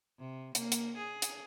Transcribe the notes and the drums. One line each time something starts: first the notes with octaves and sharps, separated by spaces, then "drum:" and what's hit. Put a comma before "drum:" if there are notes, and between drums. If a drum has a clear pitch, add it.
C3
A#3, drum: hi-hat
drum: hi-hat
G#4
drum: hi-hat